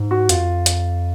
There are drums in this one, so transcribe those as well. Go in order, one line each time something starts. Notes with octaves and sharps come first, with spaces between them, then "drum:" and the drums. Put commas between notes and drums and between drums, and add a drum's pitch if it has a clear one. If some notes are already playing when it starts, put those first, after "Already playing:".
Already playing: G#2
F#4
F2 F4, drum: hi-hat
drum: hi-hat